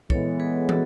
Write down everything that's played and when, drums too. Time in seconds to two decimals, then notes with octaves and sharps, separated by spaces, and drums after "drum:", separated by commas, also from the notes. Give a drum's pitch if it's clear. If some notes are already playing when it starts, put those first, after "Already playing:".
0.10 E3 G#3 B3 A4 C#5, drum: kick
0.40 G#4 B4
0.69 F#4 A4, drum: tom